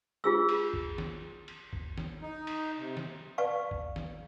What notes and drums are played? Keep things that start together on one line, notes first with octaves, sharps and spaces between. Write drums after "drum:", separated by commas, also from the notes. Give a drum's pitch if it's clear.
F4 G#4 E6
drum: cymbal
drum: kick G1
drum: snare
drum: cymbal
drum: kick G1
drum: snare
D#4
drum: cymbal
C3
drum: snare
B4 D5 F5 A5 C#6
drum: kick G1
drum: snare